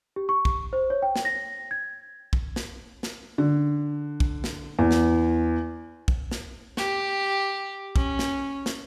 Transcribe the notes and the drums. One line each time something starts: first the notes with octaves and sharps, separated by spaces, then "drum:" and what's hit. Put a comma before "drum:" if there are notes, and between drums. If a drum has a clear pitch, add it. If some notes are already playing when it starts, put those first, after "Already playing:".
G4
C#6
drum: kick
C5
C#5
G5
drum: snare
A#6
G#6
drum: kick
drum: snare
drum: snare
D3
drum: kick
drum: snare
E2
drum: snare
drum: kick
drum: snare
G4, drum: snare
C#4, drum: kick
drum: snare
drum: snare